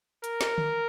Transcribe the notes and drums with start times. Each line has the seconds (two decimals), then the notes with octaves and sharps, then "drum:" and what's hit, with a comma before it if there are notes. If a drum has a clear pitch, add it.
0.24 A#4, drum: hi-hat
0.41 drum: snare
0.58 drum: tom D3